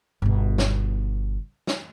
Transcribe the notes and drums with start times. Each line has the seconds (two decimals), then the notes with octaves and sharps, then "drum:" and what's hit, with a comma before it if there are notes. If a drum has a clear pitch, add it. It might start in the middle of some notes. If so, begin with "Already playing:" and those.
0.22 G1 B2
0.58 drum: snare
1.67 drum: snare